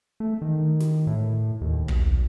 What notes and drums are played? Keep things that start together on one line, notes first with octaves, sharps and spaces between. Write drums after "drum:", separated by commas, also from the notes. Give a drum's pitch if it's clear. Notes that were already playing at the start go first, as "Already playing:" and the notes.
A3
D#3
drum: snare
A2
D#2
B1, drum: kick